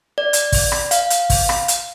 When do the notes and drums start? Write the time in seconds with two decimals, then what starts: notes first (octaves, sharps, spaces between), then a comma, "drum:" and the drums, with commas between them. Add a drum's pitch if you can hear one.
0.18 D5
0.33 drum: hi-hat
0.52 drum: kick, open hi-hat
0.72 drum: rim click
0.91 F5, drum: hi-hat
1.10 drum: hi-hat
1.30 drum: kick, open hi-hat
1.49 drum: rim click
1.68 drum: hi-hat